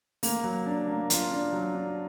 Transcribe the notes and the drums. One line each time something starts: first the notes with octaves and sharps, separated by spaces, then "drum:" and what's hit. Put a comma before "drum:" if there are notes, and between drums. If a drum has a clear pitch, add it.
A#3, drum: open hi-hat
F#3
D4
A#3
F4, drum: hi-hat
D4
F#3
D4